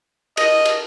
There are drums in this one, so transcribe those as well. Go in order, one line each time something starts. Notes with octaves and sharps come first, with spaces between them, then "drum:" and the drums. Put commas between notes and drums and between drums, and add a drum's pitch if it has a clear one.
D#5, drum: cymbal
drum: cymbal